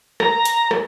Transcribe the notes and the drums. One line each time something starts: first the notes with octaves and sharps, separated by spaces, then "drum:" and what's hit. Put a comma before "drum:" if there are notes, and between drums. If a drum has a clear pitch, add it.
A#5, drum: rim click
drum: hi-hat
drum: rim click